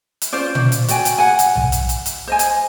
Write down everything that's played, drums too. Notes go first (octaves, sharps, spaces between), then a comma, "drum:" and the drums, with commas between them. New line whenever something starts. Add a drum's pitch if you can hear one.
drum: hi-hat
C#4 F4 C5 D5
drum: tom A#2
drum: hi-hat
F#4 D5 G5 G#5, drum: hi-hat
drum: hi-hat
F#5 G#5
drum: hi-hat
drum: tom B1
drum: hi-hat
drum: hi-hat
drum: hi-hat
C5 D#5 G#5
drum: hi-hat